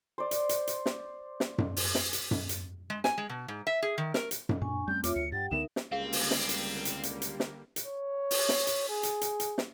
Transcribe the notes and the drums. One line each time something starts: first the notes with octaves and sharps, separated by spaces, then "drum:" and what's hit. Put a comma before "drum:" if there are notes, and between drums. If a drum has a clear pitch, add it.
C5 D5
drum: hi-hat
drum: hi-hat
drum: hi-hat
drum: snare
drum: snare
drum: tom F#2
drum: open hi-hat
drum: snare
drum: hi-hat
drum: tom F#2
drum: hi-hat
G#3
G#5, drum: snare
G#3
B2
G#2
E5
G#4
D#3
A#4, drum: snare
drum: hi-hat
drum: tom F#2
A#2 D4 G#5 C#6
G3 A3 C4 C#4 G6
E2 F4 C#5 E5 D6, drum: hi-hat
D2 C#7
G2 G4 F#5 G5 A6
C#2 D3 B3 D#4 A#4 E5 E7
drum: snare
C#2 D3 G3 A#3 C4 G#4 F5
drum: open hi-hat
drum: snare
drum: hi-hat
drum: hi-hat
drum: hi-hat
drum: hi-hat
drum: snare
drum: hi-hat
C#5
drum: open hi-hat
drum: snare
drum: hi-hat
G#4
drum: hi-hat
drum: hi-hat
drum: hi-hat
drum: snare